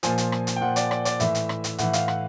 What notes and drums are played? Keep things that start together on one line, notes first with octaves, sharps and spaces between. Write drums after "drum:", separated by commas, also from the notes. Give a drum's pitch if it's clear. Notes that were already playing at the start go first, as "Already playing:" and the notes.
A#2 F3 G#5, drum: hi-hat
drum: hi-hat
drum: rim click
drum: hi-hat
G5
A#2 F3 F#5
D5, drum: hi-hat
D5, drum: rim click
D5, drum: hi-hat
A2 E3 E5, drum: hi-hat
drum: hi-hat
drum: rim click
drum: hi-hat
A2 E3 F#5, drum: hi-hat
F5, drum: hi-hat
F#5, drum: rim click